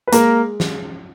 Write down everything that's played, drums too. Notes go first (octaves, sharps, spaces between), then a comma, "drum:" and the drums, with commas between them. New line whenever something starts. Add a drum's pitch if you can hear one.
B4
G#3 A#3 A#4, drum: hi-hat
drum: snare